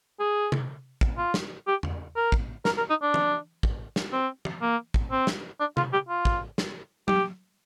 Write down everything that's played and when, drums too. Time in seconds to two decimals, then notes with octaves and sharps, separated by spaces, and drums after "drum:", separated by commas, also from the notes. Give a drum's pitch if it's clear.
0.19 G#4
0.52 drum: tom C3
1.01 drum: kick
1.18 F4
1.34 drum: snare
1.67 G4
1.83 drum: tom E2
2.16 A#4
2.32 drum: kick
2.65 A#4, drum: snare
2.78 A#4
2.90 D#4
3.02 D4
3.14 drum: tom
3.63 drum: kick
3.96 drum: snare
4.12 C4
4.45 drum: tom
4.62 A#3
4.94 drum: kick
5.11 C4
5.27 drum: snare
5.60 D4
5.77 F4, drum: tom C3
5.93 G4
6.09 F4
6.25 drum: kick
6.58 drum: snare
7.08 G4, drum: tom F#3